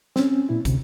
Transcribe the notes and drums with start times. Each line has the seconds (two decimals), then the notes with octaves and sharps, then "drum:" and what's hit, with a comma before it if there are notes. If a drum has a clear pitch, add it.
0.16 C4 C#4, drum: snare
0.49 A#2 E4
0.65 D2 C3, drum: kick, hi-hat